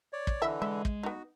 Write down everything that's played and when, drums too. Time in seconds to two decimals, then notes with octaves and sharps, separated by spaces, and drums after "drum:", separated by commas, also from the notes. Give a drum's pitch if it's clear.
0.13 C#5 D5
0.27 drum: kick
0.42 D3 E3 E4 D#5 E5
0.62 G#3 E5
0.85 drum: kick
1.03 B3 D#4 F#4